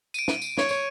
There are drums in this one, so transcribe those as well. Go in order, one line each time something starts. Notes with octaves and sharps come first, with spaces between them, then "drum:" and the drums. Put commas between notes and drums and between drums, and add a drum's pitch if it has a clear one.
D7 D#7, drum: tambourine
drum: snare
drum: tambourine
C#5, drum: snare
drum: tambourine